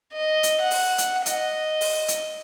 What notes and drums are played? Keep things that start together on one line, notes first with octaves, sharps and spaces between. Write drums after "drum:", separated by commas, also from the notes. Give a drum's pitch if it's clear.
D#5
drum: hi-hat
F#5
drum: open hi-hat
drum: hi-hat
D#5, drum: hi-hat
drum: open hi-hat
drum: hi-hat